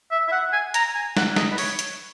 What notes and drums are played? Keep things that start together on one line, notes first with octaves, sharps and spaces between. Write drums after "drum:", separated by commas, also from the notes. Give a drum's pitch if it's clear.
E5
E5
F#5
G#5
A#5, drum: hi-hat
G#5
F#5, drum: snare
D#5, drum: snare
B4
C#5, drum: open hi-hat
drum: hi-hat